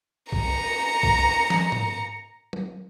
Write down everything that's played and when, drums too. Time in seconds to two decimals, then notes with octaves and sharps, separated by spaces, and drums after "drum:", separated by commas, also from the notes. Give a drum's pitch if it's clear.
0.32 A#5 C#7, drum: kick
1.03 drum: kick
1.50 drum: snare F3
1.72 drum: tom G#2
2.53 drum: tom F#3